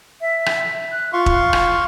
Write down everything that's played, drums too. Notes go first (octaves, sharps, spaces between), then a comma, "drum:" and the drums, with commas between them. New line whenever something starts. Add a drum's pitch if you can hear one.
E5
drum: rim click
F#6
F4 F5 C6 C#6
drum: kick E1
drum: rim click